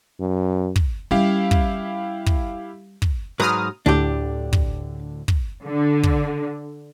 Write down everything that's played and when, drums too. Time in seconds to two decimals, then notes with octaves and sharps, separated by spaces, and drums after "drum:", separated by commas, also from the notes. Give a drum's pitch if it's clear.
0.20 F#2
0.76 drum: kick
1.11 G3 C#4 E4 G4 F5
1.51 drum: kick
2.26 drum: kick
3.02 drum: kick
3.40 G#2 F#3 B4 A#5 D#6 F6
3.86 D2 A2 D3 D4 G4
4.53 drum: kick
5.28 drum: kick
5.63 D3
6.03 drum: kick